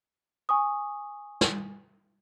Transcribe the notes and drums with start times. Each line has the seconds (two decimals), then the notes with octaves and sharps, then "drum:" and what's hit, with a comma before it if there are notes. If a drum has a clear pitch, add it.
0.49 G#5 C#6 D#6
1.41 drum: snare